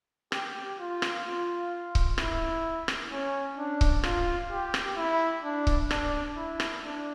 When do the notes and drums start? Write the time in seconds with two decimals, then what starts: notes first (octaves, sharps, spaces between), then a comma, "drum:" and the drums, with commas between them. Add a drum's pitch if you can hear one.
0.32 G4, drum: rim click
0.79 F4
1.02 drum: rim click
1.25 F4
1.95 drum: kick C#1
2.18 E4, drum: rim click
2.88 drum: rim click
3.12 C#4
3.58 D4
3.81 drum: kick C#1
4.03 F4, drum: rim click
4.51 G4
4.74 drum: rim click
4.96 E4
5.44 D4
5.67 drum: kick C#1
5.91 D4, drum: rim click
6.36 E4
6.60 drum: rim click
6.83 D4